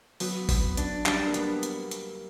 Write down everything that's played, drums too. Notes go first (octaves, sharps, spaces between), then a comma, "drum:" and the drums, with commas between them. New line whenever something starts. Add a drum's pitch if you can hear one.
F#3 B3, drum: open hi-hat
B3, drum: kick G1, open hi-hat
D4, drum: hi-hat
G3 D4, drum: clap
A#3
B3, drum: hi-hat
drum: hi-hat
drum: hi-hat